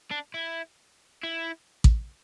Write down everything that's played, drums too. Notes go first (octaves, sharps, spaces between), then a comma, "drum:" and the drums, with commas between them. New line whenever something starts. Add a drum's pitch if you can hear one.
D4
E4
E4
drum: kick A1